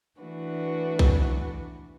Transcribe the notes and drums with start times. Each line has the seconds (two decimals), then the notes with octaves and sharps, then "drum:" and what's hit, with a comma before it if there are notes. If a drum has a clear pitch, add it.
0.19 E3 A3 D4 F#4 B4
0.99 drum: kick B1